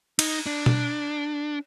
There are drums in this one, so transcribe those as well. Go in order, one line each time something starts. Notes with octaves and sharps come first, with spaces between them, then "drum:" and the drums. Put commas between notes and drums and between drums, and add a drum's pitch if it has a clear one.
D#4, drum: cymbal
D4
drum: tom B2